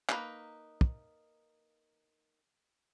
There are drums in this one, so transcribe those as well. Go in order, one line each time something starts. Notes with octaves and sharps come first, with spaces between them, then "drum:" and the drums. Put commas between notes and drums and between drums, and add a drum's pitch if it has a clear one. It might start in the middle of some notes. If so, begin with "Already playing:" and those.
A#3 D#4 B4 A#5, drum: clap
drum: kick